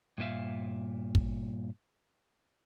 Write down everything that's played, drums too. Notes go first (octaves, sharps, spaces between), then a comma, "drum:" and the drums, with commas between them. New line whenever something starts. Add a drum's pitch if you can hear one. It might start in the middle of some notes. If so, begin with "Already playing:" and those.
G2 A#2 C#4 E5 F5
drum: kick